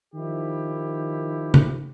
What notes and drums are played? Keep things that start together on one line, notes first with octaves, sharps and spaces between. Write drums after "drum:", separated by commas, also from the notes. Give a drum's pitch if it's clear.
D#3 F3 E4 G4
drum: tom